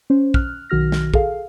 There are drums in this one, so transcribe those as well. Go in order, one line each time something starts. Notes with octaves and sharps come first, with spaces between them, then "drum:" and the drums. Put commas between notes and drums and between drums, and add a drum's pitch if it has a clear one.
C#4 C5
F6 F#6, drum: kick
B1 D#3 F#4 F6 A#6
drum: snare
G#4 A4 F5, drum: kick